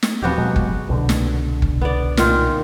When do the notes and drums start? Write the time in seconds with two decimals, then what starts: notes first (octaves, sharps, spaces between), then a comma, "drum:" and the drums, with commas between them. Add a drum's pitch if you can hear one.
0.03 drum: snare
0.22 D#1 F3 B3 C4 F#4 G4
0.38 B2 F#3 G#3
0.56 drum: kick
0.89 C2 B2 D3
1.09 drum: snare
1.62 drum: kick
1.81 B3 D5
2.17 A#2 D#3 F4, drum: snare